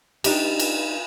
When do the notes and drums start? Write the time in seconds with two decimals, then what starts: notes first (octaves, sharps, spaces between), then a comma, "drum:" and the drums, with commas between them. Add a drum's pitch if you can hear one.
0.24 D4 D#4 G4, drum: cymbal
0.59 drum: cymbal